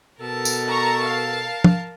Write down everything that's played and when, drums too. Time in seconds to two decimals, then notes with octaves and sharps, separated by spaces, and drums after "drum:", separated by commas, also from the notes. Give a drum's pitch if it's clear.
0.20 B2 A4 A#4 A5
0.45 drum: tambourine
0.68 A#5 C#6
1.04 F5
1.64 drum: tom